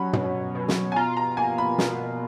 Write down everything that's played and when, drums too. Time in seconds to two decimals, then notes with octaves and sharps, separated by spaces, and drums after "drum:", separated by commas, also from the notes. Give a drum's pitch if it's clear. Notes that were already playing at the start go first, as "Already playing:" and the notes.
Already playing: F#3 C#4 F#5 B5
0.13 B2, drum: tom
0.55 B2
0.68 drum: snare
0.92 G#5
0.96 F4 A#5
1.17 A#5
1.37 A#3 G#5
1.58 B5
1.78 B2, drum: snare